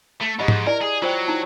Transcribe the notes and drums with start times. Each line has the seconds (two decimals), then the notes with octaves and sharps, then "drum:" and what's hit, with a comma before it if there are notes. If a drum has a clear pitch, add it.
0.21 A3
0.39 G#2 G4 D#5 B5
0.48 drum: tom G#2
0.67 E4 A#4 D5
0.81 G#4
1.02 F#3 F4 C5 G5
1.27 D#4 E4 A5